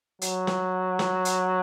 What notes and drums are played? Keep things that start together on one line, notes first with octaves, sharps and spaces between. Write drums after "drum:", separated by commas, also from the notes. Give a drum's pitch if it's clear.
F#3, drum: hi-hat
drum: snare
drum: snare
drum: hi-hat